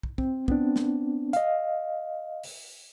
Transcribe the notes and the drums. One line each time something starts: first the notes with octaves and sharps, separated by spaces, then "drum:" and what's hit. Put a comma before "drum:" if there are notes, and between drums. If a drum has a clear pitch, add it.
drum: kick
C4, drum: kick
B3 C4 D4, drum: kick
drum: snare
D#5 F5, drum: hi-hat
drum: open hi-hat